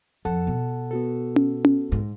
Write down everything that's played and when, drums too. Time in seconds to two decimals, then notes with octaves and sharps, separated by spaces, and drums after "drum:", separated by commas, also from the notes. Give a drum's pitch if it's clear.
0.25 F2 A4 F#5 A5
0.47 B2
0.91 B3 F#4 A4
1.36 drum: tom C#4
1.65 drum: tom C#4
1.92 G#2